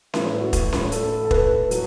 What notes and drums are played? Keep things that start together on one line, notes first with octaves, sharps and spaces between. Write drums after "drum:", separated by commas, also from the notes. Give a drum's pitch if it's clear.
A2 E3 B3 E4, drum: snare C#4
F#4
drum: kick, hi-hat
B5, drum: snare C#4
A4, drum: hi-hat
A4
A4
B4, drum: kick
F#3, drum: hi-hat